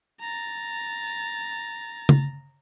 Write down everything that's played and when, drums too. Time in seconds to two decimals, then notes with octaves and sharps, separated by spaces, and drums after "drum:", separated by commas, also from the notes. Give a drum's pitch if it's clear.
0.21 A#5 A6
1.07 drum: tambourine
2.09 drum: tom C#3